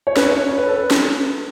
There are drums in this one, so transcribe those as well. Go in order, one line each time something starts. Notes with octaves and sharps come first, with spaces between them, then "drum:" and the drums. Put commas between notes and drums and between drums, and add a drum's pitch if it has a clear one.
C#5
B4, drum: snare
C#5
C#5
B4
A4
B4
drum: snare